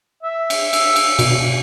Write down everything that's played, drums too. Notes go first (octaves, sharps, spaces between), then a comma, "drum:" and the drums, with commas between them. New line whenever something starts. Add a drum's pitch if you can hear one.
E5
drum: cymbal
drum: cymbal
drum: cymbal
B2, drum: cymbal